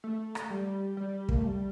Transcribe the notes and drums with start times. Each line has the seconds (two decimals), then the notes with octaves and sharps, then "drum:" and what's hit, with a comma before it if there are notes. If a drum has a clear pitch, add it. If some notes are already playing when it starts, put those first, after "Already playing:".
0.04 A3
0.35 drum: rim click
0.50 G3
0.97 G3
1.29 A#3, drum: kick
1.36 A3
1.44 G3